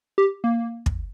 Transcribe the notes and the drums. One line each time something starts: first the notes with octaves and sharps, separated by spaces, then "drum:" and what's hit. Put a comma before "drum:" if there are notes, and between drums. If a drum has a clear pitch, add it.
G4
A#3
drum: kick